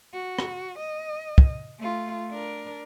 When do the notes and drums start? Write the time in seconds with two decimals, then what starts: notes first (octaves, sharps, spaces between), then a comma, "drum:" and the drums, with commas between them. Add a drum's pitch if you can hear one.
0.14 F#4
0.39 drum: rim click
0.79 D#5
1.38 drum: kick
1.79 A3 F4
2.30 D4 A#4